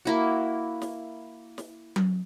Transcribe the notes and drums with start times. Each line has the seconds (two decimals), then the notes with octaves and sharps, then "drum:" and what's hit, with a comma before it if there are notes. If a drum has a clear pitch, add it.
0.05 A#3 E4 F#4
0.82 drum: snare
1.58 drum: snare
1.96 drum: tom F#3